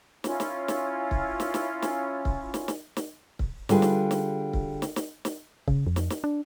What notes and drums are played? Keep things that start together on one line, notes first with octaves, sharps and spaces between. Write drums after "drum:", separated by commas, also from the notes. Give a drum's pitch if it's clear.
C#4 E4 F4, drum: snare
drum: snare
drum: snare
drum: kick C#1
drum: snare
drum: snare
drum: snare
drum: kick C#1
drum: snare
drum: snare
drum: snare
drum: kick C#1
D3 G3 F4 G#4 B4, drum: snare
drum: snare
drum: snare
drum: kick C#1
drum: snare
drum: snare
drum: snare
C#3, drum: kick C#1
F2
drum: snare
drum: snare
D4